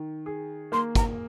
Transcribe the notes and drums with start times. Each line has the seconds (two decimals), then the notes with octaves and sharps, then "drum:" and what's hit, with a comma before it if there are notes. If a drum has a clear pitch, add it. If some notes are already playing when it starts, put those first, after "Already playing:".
Already playing: D#3
0.26 G#4
0.72 A#3 C6
0.95 A#5, drum: kick, hi-hat